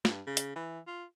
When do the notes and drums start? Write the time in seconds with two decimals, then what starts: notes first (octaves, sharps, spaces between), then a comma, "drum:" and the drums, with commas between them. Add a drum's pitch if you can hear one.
0.05 G2, drum: snare
0.27 C#3
0.37 drum: hi-hat
0.56 E3
0.87 F4